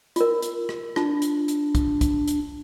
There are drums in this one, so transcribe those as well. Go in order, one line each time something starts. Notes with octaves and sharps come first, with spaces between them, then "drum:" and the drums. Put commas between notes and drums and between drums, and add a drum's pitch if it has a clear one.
F4 A#4, drum: hi-hat
drum: hi-hat
drum: rim click
D4 F4, drum: rim click
drum: hi-hat
drum: hi-hat
drum: kick, hi-hat
drum: kick, hi-hat
drum: hi-hat